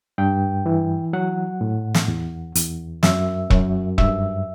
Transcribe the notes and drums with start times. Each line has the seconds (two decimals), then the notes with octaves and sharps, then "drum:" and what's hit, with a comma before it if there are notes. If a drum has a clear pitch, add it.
0.18 G2 G5
0.66 E3
1.13 F#3 F#5
1.61 A2
1.95 drum: snare
2.08 E2
2.55 E2, drum: hi-hat
3.03 F#2 E5, drum: snare
3.50 F#2, drum: kick E1
3.98 G2 E5, drum: kick E1